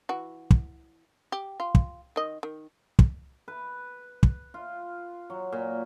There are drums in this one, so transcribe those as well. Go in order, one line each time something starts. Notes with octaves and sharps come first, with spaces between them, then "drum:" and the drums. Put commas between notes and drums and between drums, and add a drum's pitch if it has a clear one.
E3 F#4
drum: kick
G4
F4
drum: kick
D#3 D#5
D#3
drum: kick
B4
drum: kick
F4
F#3
A#2